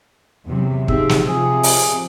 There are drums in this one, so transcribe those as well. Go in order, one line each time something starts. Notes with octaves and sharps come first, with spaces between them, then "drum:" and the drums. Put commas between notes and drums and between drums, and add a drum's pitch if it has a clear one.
E2 C3 F#3
F3 C4 D#4 G4 G#4 E5, drum: kick
drum: snare
C3 F3 G#4
drum: open hi-hat